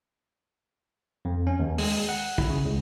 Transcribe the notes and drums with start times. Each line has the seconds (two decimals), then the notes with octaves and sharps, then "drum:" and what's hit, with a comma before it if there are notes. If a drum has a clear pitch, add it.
1.25 F2
1.47 C#4
1.59 D#2
1.78 G#3, drum: open hi-hat
2.09 F#5
2.38 E4, drum: kick
2.50 C#3
2.65 C#2